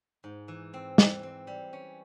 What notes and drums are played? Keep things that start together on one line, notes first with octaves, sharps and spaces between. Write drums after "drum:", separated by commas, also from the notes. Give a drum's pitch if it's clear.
G#2
E3
C4
E3, drum: snare
C4
G3
C#4